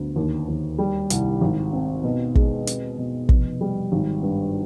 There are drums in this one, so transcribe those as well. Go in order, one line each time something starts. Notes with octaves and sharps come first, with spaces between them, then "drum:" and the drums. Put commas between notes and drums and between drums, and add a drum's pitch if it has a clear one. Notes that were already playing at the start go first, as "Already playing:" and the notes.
Already playing: D2 B3
D#2
D#2
G3
C2, drum: hi-hat
G#1
C4
B2
G#3, drum: kick
C4, drum: hi-hat
B2
F1, drum: kick
G3
G#1
G2